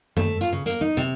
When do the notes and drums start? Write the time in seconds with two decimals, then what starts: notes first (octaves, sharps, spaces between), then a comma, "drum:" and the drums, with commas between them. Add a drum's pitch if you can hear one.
0.17 A3, drum: tom F#2
0.41 F4, drum: hi-hat
0.52 C#3
0.66 A#3, drum: hi-hat
0.81 D#4
0.97 C3